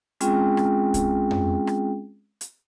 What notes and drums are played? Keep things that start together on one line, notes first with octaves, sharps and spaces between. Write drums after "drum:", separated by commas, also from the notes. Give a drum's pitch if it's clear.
G#3 C4 C#4 F4 G#4 G5, drum: hi-hat
drum: rim click
drum: kick, hi-hat
drum: tom F2
drum: rim click
drum: hi-hat